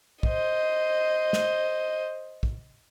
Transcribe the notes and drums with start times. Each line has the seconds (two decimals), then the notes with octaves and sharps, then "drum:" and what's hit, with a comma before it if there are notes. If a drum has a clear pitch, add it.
0.23 C5 D#5, drum: kick
1.33 drum: snare
2.43 drum: kick